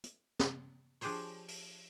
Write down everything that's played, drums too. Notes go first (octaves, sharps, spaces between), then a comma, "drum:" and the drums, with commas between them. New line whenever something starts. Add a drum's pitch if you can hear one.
drum: hi-hat
drum: snare
F3 D4 G4 G#4 C5 C#5, drum: open hi-hat
drum: open hi-hat